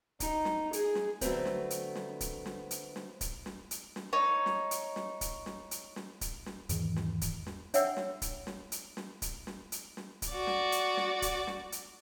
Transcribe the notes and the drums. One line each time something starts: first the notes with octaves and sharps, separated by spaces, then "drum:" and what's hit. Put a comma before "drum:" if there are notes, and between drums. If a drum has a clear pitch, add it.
D#4, drum: kick, hi-hat
drum: snare
G#4, drum: hi-hat
drum: snare
D3 F#3 A3 B3 C4, drum: kick, hi-hat
drum: snare
drum: hi-hat
drum: snare
drum: kick, hi-hat
drum: snare
drum: hi-hat
drum: snare
drum: kick, hi-hat
drum: snare
drum: hi-hat
drum: snare
D#4 C#5
drum: snare
drum: hi-hat
drum: snare
drum: kick, hi-hat
drum: snare
drum: hi-hat
drum: snare
drum: kick, hi-hat
drum: snare
E2 G#2 D#3 E3, drum: hi-hat
drum: snare
drum: kick, hi-hat
drum: snare
D4 C#5 E5 F#5 G5 E6, drum: hi-hat
drum: snare
drum: kick, hi-hat
drum: snare
drum: hi-hat
drum: snare
drum: kick, hi-hat
drum: snare
drum: hi-hat
drum: snare
drum: kick, hi-hat
F#4 D5
drum: snare
drum: hi-hat
drum: snare
drum: kick, hi-hat
drum: snare
drum: hi-hat